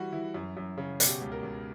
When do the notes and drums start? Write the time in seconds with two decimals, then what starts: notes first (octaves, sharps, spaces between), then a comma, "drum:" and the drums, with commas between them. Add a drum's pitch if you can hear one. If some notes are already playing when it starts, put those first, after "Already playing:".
Already playing: E3 G3 F#4
0.12 E3 E4
0.34 F#2
0.57 F#2
0.77 C#3
1.00 B2 G4, drum: hi-hat
1.21 C#2
1.32 A#4
1.42 C#2